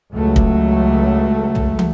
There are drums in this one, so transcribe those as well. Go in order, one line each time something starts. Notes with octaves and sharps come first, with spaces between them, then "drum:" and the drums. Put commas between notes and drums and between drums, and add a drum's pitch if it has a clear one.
C#2 F#3 A3
drum: kick
drum: tom
drum: tom